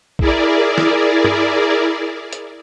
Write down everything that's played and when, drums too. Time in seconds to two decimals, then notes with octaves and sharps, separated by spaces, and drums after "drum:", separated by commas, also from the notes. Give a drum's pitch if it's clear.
0.19 E4 G#4 A#4 D5, drum: kick
0.78 drum: snare
1.24 drum: tom
2.33 drum: hi-hat